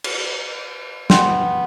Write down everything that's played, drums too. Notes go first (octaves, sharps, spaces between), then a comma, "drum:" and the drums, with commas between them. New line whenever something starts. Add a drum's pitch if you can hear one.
drum: cymbal
B3 G5 C6, drum: snare